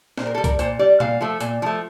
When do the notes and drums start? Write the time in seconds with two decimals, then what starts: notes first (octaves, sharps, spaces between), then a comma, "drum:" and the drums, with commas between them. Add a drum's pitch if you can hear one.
0.18 A#2 C5, drum: snare
0.27 A#4
0.35 G3 A4
0.44 A#4, drum: kick B1, hi-hat
0.59 A#2 C5, drum: hi-hat
0.79 G3 D5
1.00 A#2 F5, drum: tom B2
1.21 F3 A3
1.40 A#2, drum: hi-hat
1.62 F3 A3